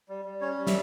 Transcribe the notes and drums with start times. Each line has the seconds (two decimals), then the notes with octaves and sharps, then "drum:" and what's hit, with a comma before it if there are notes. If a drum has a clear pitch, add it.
0.09 G3
0.25 G3
0.41 C#4 C#5
0.58 G3
0.67 E5, drum: snare